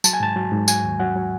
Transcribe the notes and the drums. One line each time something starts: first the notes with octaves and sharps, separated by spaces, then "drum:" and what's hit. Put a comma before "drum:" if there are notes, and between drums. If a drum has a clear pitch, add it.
F#3 A5, drum: tambourine
G#5
G#2 A5
F#3
G#2
F#3 G#5, drum: tambourine
D#2
F#3 F#5
F#3